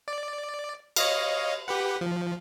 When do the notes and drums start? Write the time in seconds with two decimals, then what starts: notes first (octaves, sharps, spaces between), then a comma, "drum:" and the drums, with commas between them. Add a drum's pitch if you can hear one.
0.08 D5
0.96 C#5 D#5 F5, drum: cymbal
1.68 G4 B4 F#5
2.01 F3